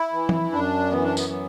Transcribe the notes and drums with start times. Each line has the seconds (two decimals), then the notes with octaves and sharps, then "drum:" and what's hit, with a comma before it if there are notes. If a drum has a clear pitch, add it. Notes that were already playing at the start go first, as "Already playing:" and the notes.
Already playing: E4
0.13 E3
0.29 drum: tom E3
0.52 F#2 D4
0.91 E3 B3
1.03 D4
1.17 B3, drum: tambourine
1.30 F#3 B3